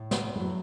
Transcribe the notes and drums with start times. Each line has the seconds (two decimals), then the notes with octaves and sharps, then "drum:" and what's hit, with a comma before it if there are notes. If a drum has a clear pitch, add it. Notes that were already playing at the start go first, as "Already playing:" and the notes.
Already playing: A2
0.11 drum: snare
0.36 F#3 A3 E4